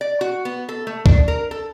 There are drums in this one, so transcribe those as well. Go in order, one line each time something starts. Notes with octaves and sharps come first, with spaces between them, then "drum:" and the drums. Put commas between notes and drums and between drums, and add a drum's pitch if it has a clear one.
D5
F#4
B3
A4
A3
D4, drum: kick C#2
A#4
A4